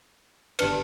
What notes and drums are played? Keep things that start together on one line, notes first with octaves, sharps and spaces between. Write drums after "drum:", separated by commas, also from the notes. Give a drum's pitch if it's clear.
G1 D4 G4 B4 C#7, drum: cymbal